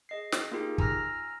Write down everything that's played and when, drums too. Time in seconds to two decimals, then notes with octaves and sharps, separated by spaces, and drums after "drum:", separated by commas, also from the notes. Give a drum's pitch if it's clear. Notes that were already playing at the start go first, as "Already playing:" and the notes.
0.09 G#4 D#5 C7
0.32 drum: snare
0.52 A#3 D#4 F4 G4 G#4
0.78 G#5 A#5 E6 F6 A#6, drum: kick